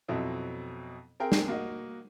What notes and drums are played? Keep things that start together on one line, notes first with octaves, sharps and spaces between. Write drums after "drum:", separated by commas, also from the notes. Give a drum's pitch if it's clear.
F2 B2 F#3 C4 E4
C4 G#4 A#4 G5
drum: snare
A#3 F#4 D#5